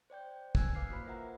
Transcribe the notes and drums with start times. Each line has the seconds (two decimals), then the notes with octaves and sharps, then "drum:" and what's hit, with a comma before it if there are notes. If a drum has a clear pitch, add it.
0.10 C5 D5 G5 G6
0.55 G#5 E6 F#6 G#6, drum: kick
0.75 B4 F5 D6 F6 C7
0.89 A#3 E4 F#4 C5 B5
1.06 F4 A#4 E5 F#5 A#5